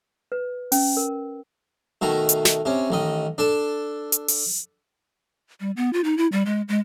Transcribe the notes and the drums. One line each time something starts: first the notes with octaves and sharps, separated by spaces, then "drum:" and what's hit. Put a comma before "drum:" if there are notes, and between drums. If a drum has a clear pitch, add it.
B4
C#4, drum: open hi-hat
A#4
B2 D#3 A3 A#5
drum: hi-hat
drum: snare
C3 C#4
A1 D#3 D#5
D4 A4 A5
drum: hi-hat
drum: open hi-hat
G3
B3
F4
D#4
E4
G3
G#3
G#3